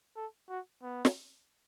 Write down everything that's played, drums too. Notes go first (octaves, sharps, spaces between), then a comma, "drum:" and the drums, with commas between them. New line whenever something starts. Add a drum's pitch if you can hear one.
A4
F#4
B3
drum: snare